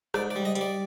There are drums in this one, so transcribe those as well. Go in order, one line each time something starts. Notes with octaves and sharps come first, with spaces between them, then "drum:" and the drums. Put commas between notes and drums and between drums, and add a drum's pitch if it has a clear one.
G#2 D5, drum: rim click
D5
G3
D#5
G3, drum: hi-hat
D5